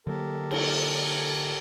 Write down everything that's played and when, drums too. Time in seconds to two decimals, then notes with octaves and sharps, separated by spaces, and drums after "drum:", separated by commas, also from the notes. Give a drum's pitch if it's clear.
0.07 D3 F#3 A#3 G4 A4 A#4
0.51 drum: cymbal